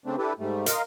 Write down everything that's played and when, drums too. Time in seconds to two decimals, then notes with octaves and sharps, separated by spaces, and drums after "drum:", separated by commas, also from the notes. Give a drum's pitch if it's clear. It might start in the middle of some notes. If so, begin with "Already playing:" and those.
0.06 C#3 A3 C4 D4
0.18 D4 E4 G4 A4 B4
0.38 G#2 G3 A3
0.66 A#4 D#5 F5 A#5 C6, drum: hi-hat